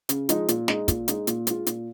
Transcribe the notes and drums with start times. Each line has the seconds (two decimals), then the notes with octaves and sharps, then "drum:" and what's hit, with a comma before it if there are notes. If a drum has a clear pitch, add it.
0.09 C#3, drum: hi-hat
0.29 F3 G#3 D#4, drum: hi-hat
0.48 A#2, drum: hi-hat
0.68 G#3 D#4, drum: snare
0.88 A#2, drum: kick, hi-hat
1.08 G#3 D#4, drum: hi-hat
1.27 A#2, drum: hi-hat
1.47 G#3 F4, drum: hi-hat
1.67 A#2, drum: hi-hat